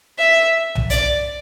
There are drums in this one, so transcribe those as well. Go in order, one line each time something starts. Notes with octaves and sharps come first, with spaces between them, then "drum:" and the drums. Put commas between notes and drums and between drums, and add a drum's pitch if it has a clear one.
E5
drum: tom B1
D5, drum: hi-hat